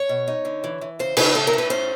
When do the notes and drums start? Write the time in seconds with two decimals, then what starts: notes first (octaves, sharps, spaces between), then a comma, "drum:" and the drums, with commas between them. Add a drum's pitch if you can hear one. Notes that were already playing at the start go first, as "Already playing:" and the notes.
Already playing: C#5
0.09 B2
0.28 D#4
0.45 D3
0.64 E3
0.81 E3
0.99 C#3 C5
1.17 C#3 B4, drum: cymbal
1.35 A2 A4
1.47 A#4
1.53 A2 B4
1.70 C#4 C5